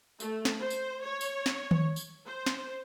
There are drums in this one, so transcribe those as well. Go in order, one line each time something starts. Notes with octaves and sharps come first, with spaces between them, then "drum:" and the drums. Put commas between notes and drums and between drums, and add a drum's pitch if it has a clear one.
A3, drum: tambourine
drum: snare
C5
drum: tambourine
C#5
drum: tambourine
drum: snare
drum: tom D#3
drum: tambourine
C5
drum: snare